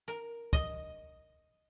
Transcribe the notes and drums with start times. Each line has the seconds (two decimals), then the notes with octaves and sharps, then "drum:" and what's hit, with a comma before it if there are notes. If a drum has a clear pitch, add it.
0.08 A#4, drum: hi-hat
0.53 D#5, drum: kick